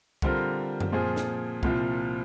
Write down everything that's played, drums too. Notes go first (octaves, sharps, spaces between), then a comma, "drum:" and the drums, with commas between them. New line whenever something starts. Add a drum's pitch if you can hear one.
D3 G3 C4 F4 A#4, drum: kick C2
drum: tom F#2
A#2 F3 C4 F4 G#4
drum: snare
C2 A#2 F3 C4 F4, drum: kick C2